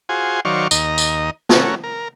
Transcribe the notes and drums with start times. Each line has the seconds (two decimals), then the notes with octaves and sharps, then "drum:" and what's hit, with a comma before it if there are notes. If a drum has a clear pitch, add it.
0.09 F4 F#4 G#4 C5 G#5
0.45 D#3 F#3 C5 D5 F5 C#6
0.71 D#2 D#5 A#5, drum: tambourine
0.98 drum: tambourine
1.49 A3 C#4 F#4 A#4, drum: snare
1.84 A#4